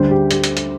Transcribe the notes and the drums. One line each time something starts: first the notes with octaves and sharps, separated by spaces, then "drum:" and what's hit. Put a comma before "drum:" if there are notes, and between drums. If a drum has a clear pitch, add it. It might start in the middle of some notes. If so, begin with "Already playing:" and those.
Already playing: D2 D3 G3 C5
G4
G4, drum: hi-hat
drum: hi-hat
drum: hi-hat